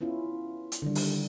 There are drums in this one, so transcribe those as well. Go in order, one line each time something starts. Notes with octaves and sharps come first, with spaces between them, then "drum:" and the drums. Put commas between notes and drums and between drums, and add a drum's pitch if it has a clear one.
B3 C#4 E4 F4
drum: hi-hat
D3 D#3 G3
drum: open hi-hat